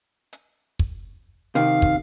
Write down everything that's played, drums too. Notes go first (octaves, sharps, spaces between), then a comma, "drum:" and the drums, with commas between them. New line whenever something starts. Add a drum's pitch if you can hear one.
drum: hi-hat
drum: kick
C3 D#3 F5, drum: hi-hat
drum: kick